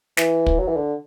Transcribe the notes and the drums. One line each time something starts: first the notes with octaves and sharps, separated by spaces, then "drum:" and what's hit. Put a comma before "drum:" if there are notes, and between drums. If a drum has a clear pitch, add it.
E3, drum: snare
drum: kick
F#3
E3
D3